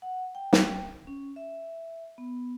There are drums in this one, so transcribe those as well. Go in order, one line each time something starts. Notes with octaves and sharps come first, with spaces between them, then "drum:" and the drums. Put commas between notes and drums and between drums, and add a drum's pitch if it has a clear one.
F#5
G5
drum: snare
C#4
E5
B3